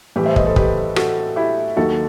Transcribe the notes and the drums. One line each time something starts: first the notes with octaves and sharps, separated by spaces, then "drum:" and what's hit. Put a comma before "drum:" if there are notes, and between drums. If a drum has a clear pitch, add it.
A2 E3 G3 G4 B4
C5 E5
B4 D#5, drum: kick
A4 C5
G4 B4, drum: kick
F#4 A4, drum: rim click
E4 G4
D#2 D#3 F#3 F#4 A4